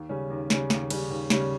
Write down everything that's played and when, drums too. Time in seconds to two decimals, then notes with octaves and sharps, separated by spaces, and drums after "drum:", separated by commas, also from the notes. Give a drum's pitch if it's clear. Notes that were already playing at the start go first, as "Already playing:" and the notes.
Already playing: D#2
0.09 C#3 G3 C#4
0.30 D#2
0.50 C#3 G3 C#4, drum: snare
0.70 D#2, drum: snare
0.90 C#3 G3 C#4, drum: cymbal
1.10 D#2
1.30 C#3 G3 C#4, drum: snare